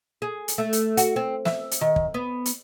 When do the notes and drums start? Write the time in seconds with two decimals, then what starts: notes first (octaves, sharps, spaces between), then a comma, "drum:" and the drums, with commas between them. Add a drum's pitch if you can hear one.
0.22 G#4
0.48 drum: hi-hat
0.58 A3
0.73 drum: hi-hat
0.97 F#4, drum: hi-hat
1.16 C4
1.45 E5, drum: snare
1.71 drum: hi-hat
1.81 D#3
1.96 drum: kick
2.14 B3
2.45 drum: hi-hat